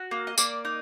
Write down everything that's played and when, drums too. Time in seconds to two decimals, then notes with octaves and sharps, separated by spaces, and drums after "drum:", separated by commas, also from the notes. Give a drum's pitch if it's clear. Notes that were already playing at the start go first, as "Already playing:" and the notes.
Already playing: F#4
0.11 A#3
0.27 D#5
0.38 A#3 D5, drum: tambourine
0.65 D#4